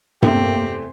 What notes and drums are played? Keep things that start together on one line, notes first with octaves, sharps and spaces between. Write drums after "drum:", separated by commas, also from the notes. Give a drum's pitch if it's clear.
E2 C3 A3 A#3 C4 G4, drum: tom G2